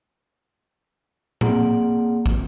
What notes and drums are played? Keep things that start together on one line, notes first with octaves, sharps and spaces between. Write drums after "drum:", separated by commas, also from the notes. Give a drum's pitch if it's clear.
A#3 C4 G#4 D5 F#5, drum: tom A2
drum: kick